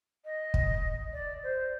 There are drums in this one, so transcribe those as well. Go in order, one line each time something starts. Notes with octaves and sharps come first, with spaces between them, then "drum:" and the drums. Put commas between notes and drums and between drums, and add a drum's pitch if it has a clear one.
D#5
drum: kick
D5
C5